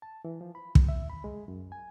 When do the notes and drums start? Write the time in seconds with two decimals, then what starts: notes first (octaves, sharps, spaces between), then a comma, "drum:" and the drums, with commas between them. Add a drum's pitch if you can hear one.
0.02 A5
0.25 E3
0.41 F3
0.55 B5
0.75 F#3, drum: kick
0.89 E5
1.10 B5
1.24 G#3
1.48 F#2
1.72 G#5